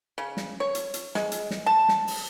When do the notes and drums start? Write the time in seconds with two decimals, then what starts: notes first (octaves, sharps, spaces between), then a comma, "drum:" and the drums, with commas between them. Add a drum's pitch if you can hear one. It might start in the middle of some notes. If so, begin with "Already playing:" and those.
0.18 C#3
0.37 drum: snare
0.60 C#5
0.75 drum: hi-hat
0.94 drum: hi-hat
1.15 G#3, drum: snare
1.32 drum: hi-hat
1.51 drum: snare
1.66 A5
1.88 drum: snare
2.07 drum: open hi-hat